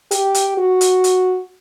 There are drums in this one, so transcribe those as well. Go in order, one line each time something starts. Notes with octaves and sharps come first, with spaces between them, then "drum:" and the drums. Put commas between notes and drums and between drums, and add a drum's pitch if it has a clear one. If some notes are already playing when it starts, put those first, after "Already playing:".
G4, drum: hi-hat
drum: hi-hat
F#4
drum: hi-hat
drum: hi-hat